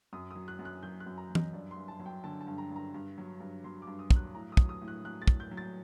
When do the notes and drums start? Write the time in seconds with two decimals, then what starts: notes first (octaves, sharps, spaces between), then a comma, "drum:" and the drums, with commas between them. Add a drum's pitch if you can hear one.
0.13 F#2 D#6
0.31 D#6
0.35 F#3
0.48 F#6
0.59 F#2
0.65 F#6
0.83 F#3 G6
1.00 F#6
1.06 F#2
1.18 A#5
1.30 F#3
1.35 D#5, drum: tom
1.53 G2 D5
1.71 C6
1.76 G2
1.88 A5
1.99 F#3
2.06 G5
2.24 D3 A5
2.41 A5
2.47 G2
2.58 A#5
2.71 G2
2.76 A#5
2.94 G2
3.18 F#3
3.40 G2
3.64 F#3 C6
3.82 D6
3.87 G2
3.99 D#6
4.11 F#3, drum: kick
4.16 F#6
4.34 A2 A#5
4.52 D#6
4.57 F#3, drum: kick
4.69 D#6
4.82 A2
4.88 F#6
5.05 F#3 F#6
5.22 A6
5.27 A2, drum: kick
5.40 G6
5.51 F#3
5.57 A6